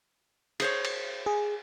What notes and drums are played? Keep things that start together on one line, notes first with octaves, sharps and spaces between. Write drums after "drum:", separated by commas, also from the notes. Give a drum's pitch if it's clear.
G#4 C5 C#5, drum: cymbal
drum: cymbal
G#4